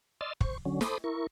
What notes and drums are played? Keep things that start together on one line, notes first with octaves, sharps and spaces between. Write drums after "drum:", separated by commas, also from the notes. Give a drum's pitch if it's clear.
D5 D#5 C6 E6 F6 A6
C5 C#6, drum: kick
D3 F#3 C#4
A4 C5 B5 C6 D6 D#6, drum: snare
E4 A#4 C#6